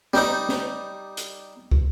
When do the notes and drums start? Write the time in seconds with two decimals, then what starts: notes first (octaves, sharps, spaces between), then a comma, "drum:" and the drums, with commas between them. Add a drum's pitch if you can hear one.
0.14 G3 D#4, drum: snare
0.49 drum: snare
1.17 drum: hi-hat
1.71 drum: kick